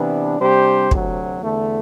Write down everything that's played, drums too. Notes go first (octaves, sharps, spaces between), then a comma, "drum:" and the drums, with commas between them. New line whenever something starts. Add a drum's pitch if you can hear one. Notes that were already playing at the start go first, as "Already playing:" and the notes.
Already playing: C3 E3 B3 D4
C3 G3 D4 G4 C5
D2 C3 F#3, drum: kick
E2 D3 A3